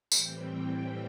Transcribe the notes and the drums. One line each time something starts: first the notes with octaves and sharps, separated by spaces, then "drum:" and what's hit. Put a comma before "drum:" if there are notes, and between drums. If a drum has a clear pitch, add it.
A2 E3 G3 C4 G5, drum: tambourine